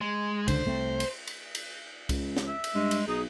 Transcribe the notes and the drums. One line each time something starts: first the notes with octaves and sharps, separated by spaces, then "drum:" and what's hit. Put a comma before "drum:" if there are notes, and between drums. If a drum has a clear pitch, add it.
G#3
C#2 D3 C5, drum: cymbal
C2 A3 C4
drum: cymbal
drum: cymbal
drum: cymbal
C#2, drum: kick C2, cymbal
drum: snare
E5
drum: cymbal
G2 G#3
drum: cymbal
B1 D#4 G#4